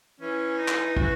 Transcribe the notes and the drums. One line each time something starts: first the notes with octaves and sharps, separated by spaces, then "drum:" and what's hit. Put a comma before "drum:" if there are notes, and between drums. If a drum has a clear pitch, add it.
E3 C#4
D#4
drum: clap
F#4, drum: kick